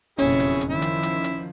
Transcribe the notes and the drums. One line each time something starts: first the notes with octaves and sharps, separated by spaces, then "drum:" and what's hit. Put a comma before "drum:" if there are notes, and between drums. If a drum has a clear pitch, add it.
F#1 F2 B2 C#4 E4 G#4 C#5, drum: hi-hat
drum: hi-hat
drum: hi-hat
D#3 F3 E4
drum: hi-hat
drum: hi-hat
drum: hi-hat